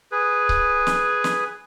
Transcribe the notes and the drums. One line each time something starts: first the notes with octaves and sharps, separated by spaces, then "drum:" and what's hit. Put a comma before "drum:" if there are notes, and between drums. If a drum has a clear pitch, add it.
G#4 B4
drum: kick C#1
drum: snare
drum: snare